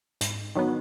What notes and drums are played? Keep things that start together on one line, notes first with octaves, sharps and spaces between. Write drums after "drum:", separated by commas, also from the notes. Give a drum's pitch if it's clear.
G#2, drum: hi-hat
D#3 F#3 B3